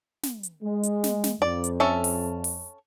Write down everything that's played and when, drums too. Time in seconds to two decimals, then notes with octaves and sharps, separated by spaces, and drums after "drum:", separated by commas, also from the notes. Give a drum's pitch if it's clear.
0.23 drum: snare
0.43 drum: hi-hat
0.63 G#3
0.84 drum: hi-hat
1.04 drum: snare
1.24 drum: snare
1.42 F2 D5
1.64 drum: hi-hat
1.80 C#4 A4 E5
2.04 drum: open hi-hat
2.44 drum: open hi-hat